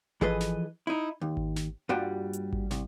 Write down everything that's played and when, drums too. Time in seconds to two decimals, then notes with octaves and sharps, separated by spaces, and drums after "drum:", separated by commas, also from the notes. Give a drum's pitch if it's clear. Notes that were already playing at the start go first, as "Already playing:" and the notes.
0.21 E3 F3 G#4 A4 B4 D#5, drum: kick G#1
0.40 drum: snare
0.87 D#4 E4
1.21 D#2
1.37 drum: kick G#1
1.56 drum: snare
1.89 G2 G3 A#3 F4 F#4 G5
2.33 drum: hi-hat
2.53 drum: kick G#1
2.71 C2, drum: snare